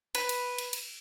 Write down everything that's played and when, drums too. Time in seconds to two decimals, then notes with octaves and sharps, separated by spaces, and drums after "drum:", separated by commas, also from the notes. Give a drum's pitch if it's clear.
0.15 B4, drum: cymbal
0.29 drum: cymbal
0.58 drum: cymbal
0.73 drum: cymbal